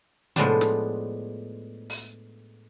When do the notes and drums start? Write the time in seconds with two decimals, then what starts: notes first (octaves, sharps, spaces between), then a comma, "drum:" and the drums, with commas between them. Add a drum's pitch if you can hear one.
0.36 A2 F3 G#3 B3 D4 C5, drum: tom C3
0.61 drum: snare
1.90 drum: open hi-hat